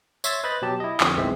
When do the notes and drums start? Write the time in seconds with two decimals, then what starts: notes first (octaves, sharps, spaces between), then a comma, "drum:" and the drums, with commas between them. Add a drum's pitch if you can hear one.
0.24 C#5 E5 C6 E6 G#6 A6, drum: tambourine
0.44 B4 C5 D#5 B5 A6
0.62 B2 F#3 G4 A5
0.80 E4 D#5
1.00 F2 D3 F3, drum: clap
1.18 B1 E3 G#3 C4 E5